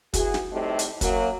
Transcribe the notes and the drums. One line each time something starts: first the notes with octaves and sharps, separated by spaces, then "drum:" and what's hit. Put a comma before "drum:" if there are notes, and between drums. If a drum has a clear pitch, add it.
E3 F#4 G#4, drum: kick, hi-hat
drum: snare
F2 A2 C3 G3 A3 D#4
drum: hi-hat
F#2 F#3 A#3, drum: kick, hi-hat